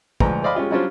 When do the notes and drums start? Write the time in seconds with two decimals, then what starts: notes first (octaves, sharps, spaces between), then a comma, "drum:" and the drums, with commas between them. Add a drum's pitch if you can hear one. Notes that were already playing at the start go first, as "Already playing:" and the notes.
0.20 D2 G#2 F3 B4 A#5, drum: kick
0.43 C5 D5 D#5 F5 B5
0.55 G#3 C#4 F4 G4
0.70 F#3 G3 C#4 D4 F4 C5